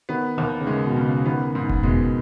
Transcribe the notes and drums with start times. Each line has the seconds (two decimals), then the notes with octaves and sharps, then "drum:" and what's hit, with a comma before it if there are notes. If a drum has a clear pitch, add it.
0.09 D#3 B3
0.37 D#2 D#3
0.61 C#3
0.67 D#3 G#3
0.86 B2
0.96 C#3
1.26 D#3 B3
1.55 G#2
1.69 drum: kick F1
1.83 B2 G#3, drum: tom E2